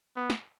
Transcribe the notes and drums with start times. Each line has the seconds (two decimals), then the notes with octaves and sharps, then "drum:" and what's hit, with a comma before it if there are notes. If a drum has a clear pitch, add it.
0.16 B3
0.30 drum: snare